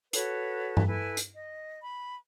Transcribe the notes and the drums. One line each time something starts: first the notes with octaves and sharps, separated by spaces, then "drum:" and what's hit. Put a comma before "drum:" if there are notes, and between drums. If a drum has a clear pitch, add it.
F#4 A4 B4 C#5, drum: hi-hat
drum: tom G2
E4 A4 B4 G#5
drum: hi-hat
D#5
B5